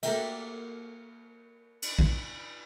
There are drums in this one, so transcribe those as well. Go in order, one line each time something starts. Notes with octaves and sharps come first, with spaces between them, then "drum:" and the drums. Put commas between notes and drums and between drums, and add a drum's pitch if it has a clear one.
A#3 F#4 G4 A4 A#4 E5, drum: cymbal
drum: cymbal
drum: kick